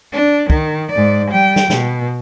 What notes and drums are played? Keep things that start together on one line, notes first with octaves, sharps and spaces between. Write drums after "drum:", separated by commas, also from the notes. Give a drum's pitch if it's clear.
D4
D#3, drum: kick
G#2 D5
G3 G5
drum: snare
B2, drum: snare